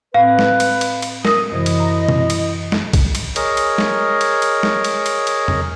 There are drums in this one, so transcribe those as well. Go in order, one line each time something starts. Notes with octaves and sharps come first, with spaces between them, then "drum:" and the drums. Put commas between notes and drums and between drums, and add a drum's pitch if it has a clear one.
A2 C4 B4 F5
drum: snare G#3
drum: cymbal
drum: cymbal
drum: cymbal
A#4 D#6 A#6, drum: snare G#3
F#2 C3 E3 E4 D#5
drum: cymbal
A#5
drum: tom B2
drum: cymbal
drum: snare G#3
drum: kick, cymbal
drum: cymbal
G#4 A#4 C#5 D#5, drum: cymbal
drum: cymbal
drum: snare G#3
drum: cymbal
drum: cymbal
drum: snare G#3
drum: cymbal
drum: cymbal
drum: cymbal
drum: tom E2